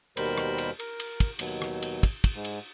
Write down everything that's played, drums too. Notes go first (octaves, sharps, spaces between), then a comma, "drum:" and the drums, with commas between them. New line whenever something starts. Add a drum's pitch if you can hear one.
D#2 B2 G3 A#4 C5 B5, drum: cymbal
drum: rim click
drum: cymbal
A#4, drum: cymbal
drum: cymbal
drum: kick, cymbal
D#2 B2 F#3, drum: cymbal
drum: rim click
drum: cymbal
drum: kick, cymbal
drum: kick, cymbal
G#2
drum: cymbal